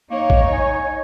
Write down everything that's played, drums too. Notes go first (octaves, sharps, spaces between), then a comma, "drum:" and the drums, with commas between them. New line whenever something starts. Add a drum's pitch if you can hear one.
A#3 D#4 C#5
drum: kick
G#5